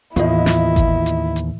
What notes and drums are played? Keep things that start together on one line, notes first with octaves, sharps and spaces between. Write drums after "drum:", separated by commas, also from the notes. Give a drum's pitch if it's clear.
D#2 A2 E3 B3 E4 F4 D#5, drum: hi-hat
drum: snare
drum: kick G#1, hi-hat
drum: hi-hat
drum: hi-hat